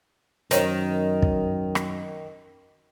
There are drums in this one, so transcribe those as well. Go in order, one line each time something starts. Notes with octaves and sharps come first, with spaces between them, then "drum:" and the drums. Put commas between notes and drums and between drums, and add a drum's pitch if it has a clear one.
F#2 D#3 C5 C#5, drum: hi-hat
drum: kick
drum: rim click